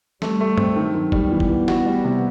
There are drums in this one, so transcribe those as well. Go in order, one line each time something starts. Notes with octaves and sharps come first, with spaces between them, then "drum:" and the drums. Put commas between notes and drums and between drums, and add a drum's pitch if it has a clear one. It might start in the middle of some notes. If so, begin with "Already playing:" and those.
G3 A3, drum: snare
A3
C4, drum: tom G2
D#3 F#3
D#3
G3, drum: kick G1
E3 B3
drum: kick G1
E3
F#4, drum: snare
G3
C3